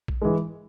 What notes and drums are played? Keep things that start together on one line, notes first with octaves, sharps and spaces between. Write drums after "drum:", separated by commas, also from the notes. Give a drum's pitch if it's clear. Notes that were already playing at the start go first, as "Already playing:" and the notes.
drum: kick A#1
E3 G#3